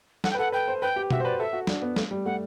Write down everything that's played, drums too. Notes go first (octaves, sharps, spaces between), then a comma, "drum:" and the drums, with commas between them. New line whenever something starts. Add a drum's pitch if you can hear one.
A4 F#5, drum: snare
G5
B4
A4 F#5
B4 G5
C5
B4 G5
G4
F#4 E5, drum: tom B2
C5
B4 D5
A4 E5
F#4
D4, drum: snare
B3
A3, drum: snare
G3
A3 F#5